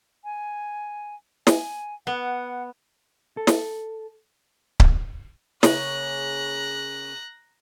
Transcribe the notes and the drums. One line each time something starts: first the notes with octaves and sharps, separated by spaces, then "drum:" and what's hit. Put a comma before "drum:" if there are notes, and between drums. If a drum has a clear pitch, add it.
G#5
G#5, drum: snare
B3 F#5
A4
drum: snare
drum: kick C#1
C#3 A#3 C#4 A#5 F#6, drum: snare